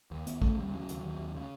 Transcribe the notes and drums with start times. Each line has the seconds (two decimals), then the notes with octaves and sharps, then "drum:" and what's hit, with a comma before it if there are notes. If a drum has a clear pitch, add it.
0.11 D#2
0.27 D#2 B3, drum: hi-hat
0.42 C#3 A3, drum: kick
0.57 D#2 G3
0.73 C#3 F#3
0.89 D#2, drum: hi-hat
1.04 D#2
1.19 D#2
1.35 C#3